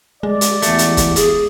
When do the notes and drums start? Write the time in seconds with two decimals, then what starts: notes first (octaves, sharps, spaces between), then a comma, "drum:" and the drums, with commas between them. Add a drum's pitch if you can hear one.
0.23 G#3 D5
0.41 drum: hi-hat
0.62 E2 A3, drum: hi-hat
0.78 drum: hi-hat
0.97 drum: kick, hi-hat
1.16 G#4, drum: hi-hat